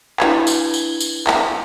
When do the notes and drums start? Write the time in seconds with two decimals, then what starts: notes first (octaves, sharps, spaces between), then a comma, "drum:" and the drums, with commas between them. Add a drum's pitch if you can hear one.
0.20 D4 E4 B4 G#6, drum: clap
0.47 drum: tambourine
0.74 drum: tambourine
1.00 drum: tambourine
1.27 drum: clap